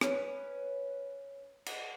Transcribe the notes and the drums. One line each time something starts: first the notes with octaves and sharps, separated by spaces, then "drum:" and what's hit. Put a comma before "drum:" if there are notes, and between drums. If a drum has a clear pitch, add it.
C#4 B4, drum: rim click
drum: cymbal